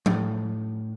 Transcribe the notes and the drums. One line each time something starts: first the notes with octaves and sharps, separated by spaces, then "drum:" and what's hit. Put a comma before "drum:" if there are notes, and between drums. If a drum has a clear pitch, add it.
A2, drum: tom F3